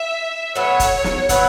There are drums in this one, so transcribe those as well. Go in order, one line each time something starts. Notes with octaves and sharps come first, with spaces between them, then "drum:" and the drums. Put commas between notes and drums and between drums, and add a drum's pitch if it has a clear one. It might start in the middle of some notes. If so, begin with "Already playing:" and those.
Already playing: E5
A2 F#3 B3 C#5
drum: kick, hi-hat
drum: snare
F#3 B3 E4, drum: kick, hi-hat